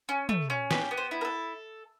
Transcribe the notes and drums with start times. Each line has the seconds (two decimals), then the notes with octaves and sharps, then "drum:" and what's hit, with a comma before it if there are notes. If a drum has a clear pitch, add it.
0.09 C#4
0.29 A3, drum: tom
0.50 C#4
0.71 G4 B4, drum: snare
0.91 B3
0.97 C5
1.11 E4
1.21 A#4
1.25 A4